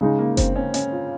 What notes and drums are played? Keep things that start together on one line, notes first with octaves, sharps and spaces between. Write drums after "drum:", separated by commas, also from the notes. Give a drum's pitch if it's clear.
C#3 G#3 D#4
A#3
C4, drum: kick F#1, hi-hat
C#4
C#4, drum: hi-hat
F4